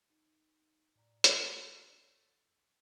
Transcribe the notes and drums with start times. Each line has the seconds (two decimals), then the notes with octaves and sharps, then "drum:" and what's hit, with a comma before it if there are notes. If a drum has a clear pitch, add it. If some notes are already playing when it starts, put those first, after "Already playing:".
0.10 D#4
0.96 A2 D5 A#5
1.24 drum: hi-hat
1.36 A3 A4 C6 E6